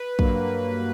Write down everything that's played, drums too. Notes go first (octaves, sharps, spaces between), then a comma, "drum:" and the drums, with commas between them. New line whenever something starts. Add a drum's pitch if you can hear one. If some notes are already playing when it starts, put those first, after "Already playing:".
Already playing: B4
G2 F#3 A#3, drum: kick